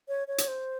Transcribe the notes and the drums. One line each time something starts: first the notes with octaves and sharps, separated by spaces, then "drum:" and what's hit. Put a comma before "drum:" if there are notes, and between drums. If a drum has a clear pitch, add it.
C#5
C#5
drum: hi-hat
C5